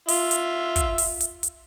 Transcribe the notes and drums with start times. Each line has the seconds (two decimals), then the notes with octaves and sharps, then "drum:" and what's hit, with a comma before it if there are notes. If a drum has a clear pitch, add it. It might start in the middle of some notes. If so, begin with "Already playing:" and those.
0.08 F4 E5, drum: open hi-hat
0.31 drum: hi-hat
0.76 drum: kick, hi-hat
0.98 drum: open hi-hat
1.21 drum: hi-hat
1.43 drum: hi-hat